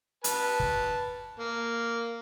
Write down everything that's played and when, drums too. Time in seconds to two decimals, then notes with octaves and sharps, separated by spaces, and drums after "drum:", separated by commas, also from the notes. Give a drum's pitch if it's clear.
0.24 B4 A5, drum: hi-hat
0.60 drum: kick
1.39 A#3